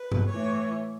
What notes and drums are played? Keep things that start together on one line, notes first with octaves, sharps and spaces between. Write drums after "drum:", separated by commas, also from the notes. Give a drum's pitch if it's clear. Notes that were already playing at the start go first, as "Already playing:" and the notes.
Already playing: B4
drum: tom G2
A2 E3 C#5